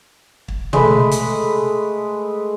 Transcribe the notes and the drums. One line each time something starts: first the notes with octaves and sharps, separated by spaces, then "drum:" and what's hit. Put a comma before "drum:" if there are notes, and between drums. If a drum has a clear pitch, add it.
drum: kick
G#3 A3 B4, drum: tom
drum: hi-hat